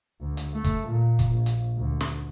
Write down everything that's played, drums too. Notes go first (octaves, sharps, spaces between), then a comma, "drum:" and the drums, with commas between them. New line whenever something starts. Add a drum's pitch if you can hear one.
D2
drum: hi-hat
A3
drum: kick, hi-hat
A#2
drum: kick, hi-hat
A#1
drum: hi-hat
D2
drum: snare